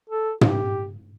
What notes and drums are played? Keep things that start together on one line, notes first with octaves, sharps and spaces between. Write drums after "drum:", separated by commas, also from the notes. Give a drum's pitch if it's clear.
A4
G4, drum: tom